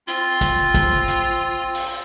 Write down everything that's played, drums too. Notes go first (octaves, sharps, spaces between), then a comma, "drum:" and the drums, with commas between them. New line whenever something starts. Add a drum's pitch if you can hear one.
C4 F4, drum: hi-hat
drum: kick, hi-hat
drum: kick, hi-hat
drum: hi-hat
drum: open hi-hat